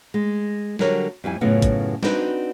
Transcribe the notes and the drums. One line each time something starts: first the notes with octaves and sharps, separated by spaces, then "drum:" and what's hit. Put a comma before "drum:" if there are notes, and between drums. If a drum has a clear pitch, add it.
G#3
D3 F#3 G3 A#4 C#5, drum: snare
F2 G3 E4 G#5
F#2 A2 C#3 B3 F4
drum: kick, hi-hat
C4 D4 D#4 F#4 B4, drum: snare